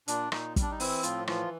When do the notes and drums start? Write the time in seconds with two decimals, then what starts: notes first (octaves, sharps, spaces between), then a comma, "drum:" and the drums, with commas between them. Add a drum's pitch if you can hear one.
0.08 A#2 D4, drum: hi-hat
0.32 A#2 D#4, drum: rim click
0.56 G3, drum: kick, hi-hat
0.62 D4
0.71 D#4
0.80 E3 C4 E4, drum: open hi-hat
1.03 A2 F3 F4, drum: hi-hat
1.27 E3 F3 F4, drum: rim click